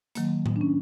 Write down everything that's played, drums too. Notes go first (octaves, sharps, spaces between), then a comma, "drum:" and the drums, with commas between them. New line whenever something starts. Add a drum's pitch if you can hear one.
D#3 F#3 A#3, drum: hi-hat
drum: tom A2
D4
C#4